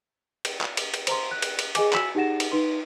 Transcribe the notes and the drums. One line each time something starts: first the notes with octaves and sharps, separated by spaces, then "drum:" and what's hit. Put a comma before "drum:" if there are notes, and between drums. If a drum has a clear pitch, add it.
drum: cymbal
drum: clap
drum: cymbal
drum: cymbal
C5 A#5 C6, drum: cymbal
F#6
drum: cymbal
drum: cymbal
G#4 D#5 G#5 D6, drum: cymbal
F#4 G#5 E6 B6 E7 F#7, drum: clap
D#4 G4 G#4 F#5 A#6 E7
drum: cymbal
D#4 B4 C6